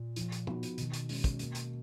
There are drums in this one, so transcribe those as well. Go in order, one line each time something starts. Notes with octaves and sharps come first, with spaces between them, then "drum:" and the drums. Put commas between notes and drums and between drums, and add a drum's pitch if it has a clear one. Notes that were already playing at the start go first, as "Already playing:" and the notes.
Already playing: A#2
F3, drum: hi-hat
drum: hi-hat
B3 D#4 F#4, drum: tom
drum: hi-hat
B2 D#3, drum: hi-hat
drum: hi-hat
G#3 C#4, drum: open hi-hat
drum: kick, hi-hat
A#3, drum: hi-hat
drum: hi-hat